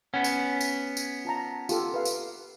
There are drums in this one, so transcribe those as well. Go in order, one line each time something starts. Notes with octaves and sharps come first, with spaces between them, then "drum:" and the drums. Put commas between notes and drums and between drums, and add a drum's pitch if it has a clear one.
B3 C#4 F#5
drum: tambourine
drum: tambourine
drum: tambourine
F4 A5 A#5
F4 G4 A4, drum: tambourine
B4 F5
drum: tambourine